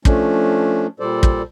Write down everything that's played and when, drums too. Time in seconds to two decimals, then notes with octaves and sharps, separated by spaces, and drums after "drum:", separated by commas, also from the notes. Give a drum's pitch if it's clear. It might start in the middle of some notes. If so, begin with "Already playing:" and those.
0.05 F3 A3 C#4 D4, drum: kick
1.00 A#2 G3 A4 C5 D5
1.23 drum: kick